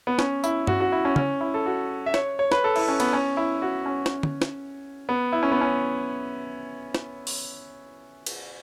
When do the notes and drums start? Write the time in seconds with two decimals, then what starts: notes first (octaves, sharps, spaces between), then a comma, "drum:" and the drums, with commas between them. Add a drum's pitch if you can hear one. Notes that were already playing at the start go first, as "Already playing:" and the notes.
0.07 B3
0.19 C#4, drum: snare
0.44 E4, drum: tambourine
0.67 F#4, drum: tom G2
0.80 F#4
0.92 E4
1.05 C#4
1.16 C#4, drum: tom
1.41 E4
1.54 A4
1.66 F#4
2.06 E5
2.14 C#5, drum: snare
2.39 C#5
2.52 B4, drum: snare
2.64 A4
2.76 E4, drum: cymbal
2.88 C#4
3.00 B3, drum: cymbal
3.13 C#4
3.37 E4
3.62 F#4
3.86 C#4
4.06 drum: snare
4.23 drum: tom
4.42 drum: snare
5.09 B3
5.32 E4
5.43 C#4
5.52 B3
5.61 C#4
6.95 drum: snare
7.27 drum: open hi-hat
8.26 drum: cymbal